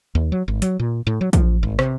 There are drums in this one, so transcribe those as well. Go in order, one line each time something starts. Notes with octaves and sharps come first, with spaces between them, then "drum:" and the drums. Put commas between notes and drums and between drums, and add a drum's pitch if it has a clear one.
D#2
F#3
G#1
F#3, drum: hi-hat
A#2
A2
F#3
F3, drum: kick, hi-hat
G#1
C3, drum: rim click